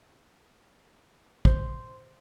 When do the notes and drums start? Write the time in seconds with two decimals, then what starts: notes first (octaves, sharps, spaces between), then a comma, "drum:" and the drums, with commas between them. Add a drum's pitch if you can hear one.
1.45 C5, drum: kick